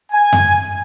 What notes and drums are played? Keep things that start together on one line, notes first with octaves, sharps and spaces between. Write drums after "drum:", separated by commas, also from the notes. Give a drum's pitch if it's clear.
G#5
drum: tom F#2